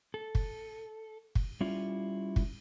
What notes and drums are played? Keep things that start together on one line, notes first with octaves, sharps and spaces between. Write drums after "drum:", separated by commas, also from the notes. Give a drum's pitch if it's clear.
A4
drum: kick
drum: kick
G3 C#4 E4 F4
drum: kick